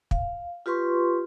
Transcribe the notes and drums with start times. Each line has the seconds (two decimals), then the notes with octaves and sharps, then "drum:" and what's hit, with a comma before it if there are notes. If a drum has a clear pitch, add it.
0.11 F5, drum: kick
0.66 F4 G4 B4 C6 C#6